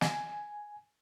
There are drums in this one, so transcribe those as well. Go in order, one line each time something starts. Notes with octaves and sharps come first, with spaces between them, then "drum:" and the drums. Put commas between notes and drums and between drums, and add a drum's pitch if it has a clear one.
G#5, drum: snare